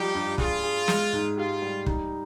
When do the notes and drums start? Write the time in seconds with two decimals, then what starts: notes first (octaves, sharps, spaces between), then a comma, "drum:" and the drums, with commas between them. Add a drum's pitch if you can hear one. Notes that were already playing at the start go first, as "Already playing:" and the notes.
Already playing: F3 G3 D#4 G4
0.14 G2
0.38 F4 G#4, drum: kick
0.63 G#4
0.88 G#3, drum: snare
1.13 G#2
1.37 F4 G4
1.62 G3
1.86 D#4, drum: kick